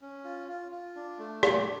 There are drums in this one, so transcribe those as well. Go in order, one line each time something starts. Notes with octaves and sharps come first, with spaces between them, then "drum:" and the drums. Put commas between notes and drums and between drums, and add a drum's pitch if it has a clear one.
C#4
F4
F4
F4
D4
A3
D4, drum: rim click